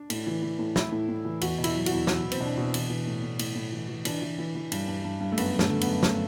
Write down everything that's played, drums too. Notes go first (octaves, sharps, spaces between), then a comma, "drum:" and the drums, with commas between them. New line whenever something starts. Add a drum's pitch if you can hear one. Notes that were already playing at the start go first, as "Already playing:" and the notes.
Already playing: D4
A2, drum: cymbal
E3
E3
A2
A2 E4, drum: snare
A2
A2
E3
E2 F#4, drum: cymbal
B2
E4, drum: cymbal
F#3
F#4, drum: cymbal
E2
E2 F#4, drum: snare
E2
C4, drum: cymbal
B2 D4
B2
E3, drum: cymbal
E3
A2
A2
A2, drum: cymbal
A2
E3
E3
E3 D4, drum: cymbal
E3
E3
E3
G2, drum: cymbal
G2
G2
G2
A3
F#2 B3, drum: cymbal
D3
A3, drum: snare
D3
B3, drum: cymbal
F#2
F#2 A3, drum: snare